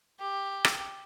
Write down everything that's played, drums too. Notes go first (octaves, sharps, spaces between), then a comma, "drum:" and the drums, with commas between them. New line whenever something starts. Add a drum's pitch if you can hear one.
G4
drum: rim click